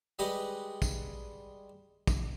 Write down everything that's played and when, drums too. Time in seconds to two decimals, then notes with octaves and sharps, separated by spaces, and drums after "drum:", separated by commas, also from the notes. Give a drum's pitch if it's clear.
0.19 G3 G#3 G4 B4 D#5 F#5
0.82 drum: kick, tambourine
2.07 drum: kick, tambourine